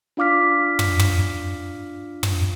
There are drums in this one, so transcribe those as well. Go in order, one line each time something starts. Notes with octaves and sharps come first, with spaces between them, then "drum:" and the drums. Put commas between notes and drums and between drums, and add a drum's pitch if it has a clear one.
D4 F4 F5 D6 F6 B6
drum: tom
drum: tom
drum: tom